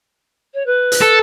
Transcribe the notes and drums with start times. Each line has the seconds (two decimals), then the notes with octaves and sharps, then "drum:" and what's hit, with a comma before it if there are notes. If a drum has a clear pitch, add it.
0.54 C#5
0.66 B4
0.92 drum: hi-hat
1.02 A4